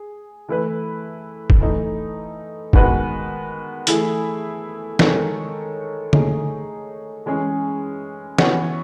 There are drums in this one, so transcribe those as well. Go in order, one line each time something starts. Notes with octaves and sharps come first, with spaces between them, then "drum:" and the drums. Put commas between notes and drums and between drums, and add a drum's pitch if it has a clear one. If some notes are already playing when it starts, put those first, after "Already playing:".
Already playing: G#4
E3 A3 E4 B4
drum: kick
E3 A3 D#4
D#3 G#3 B3 F#4 B4, drum: kick
E3 A3 E4 G#4, drum: hi-hat
D#3 G#3 D#4 A4 C#5, drum: snare
A3 D#4 G#4 C#5, drum: tom D3
E3 G#3 C#4 G#4
E3 B3 F#4 C#5, drum: snare